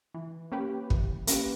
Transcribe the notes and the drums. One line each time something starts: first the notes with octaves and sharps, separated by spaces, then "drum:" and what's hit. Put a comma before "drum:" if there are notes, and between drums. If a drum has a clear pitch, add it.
E3
A#3 C#4 G4 B4
E3, drum: kick
A#3 C#4 G4 B4, drum: hi-hat